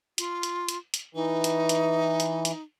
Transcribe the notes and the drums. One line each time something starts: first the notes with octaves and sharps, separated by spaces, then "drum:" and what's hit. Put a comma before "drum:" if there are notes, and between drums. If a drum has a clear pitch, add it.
F4, drum: hi-hat
drum: hi-hat
drum: hi-hat
drum: hi-hat
E3 D#4
drum: hi-hat
drum: hi-hat
drum: hi-hat
drum: hi-hat